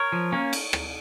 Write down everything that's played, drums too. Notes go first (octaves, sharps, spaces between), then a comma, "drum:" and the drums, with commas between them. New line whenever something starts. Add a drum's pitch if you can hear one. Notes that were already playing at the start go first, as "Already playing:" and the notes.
Already playing: A#4 C#5
F3
A#3 C#4
drum: cymbal
drum: rim click